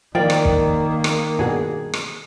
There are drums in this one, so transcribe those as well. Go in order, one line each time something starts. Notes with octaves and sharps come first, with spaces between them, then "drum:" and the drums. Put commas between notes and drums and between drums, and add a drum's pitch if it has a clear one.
D#3 F3 A#3 A#4 D5 G5
drum: rim click
drum: kick
drum: rim click
G2 B2 G#4
drum: rim click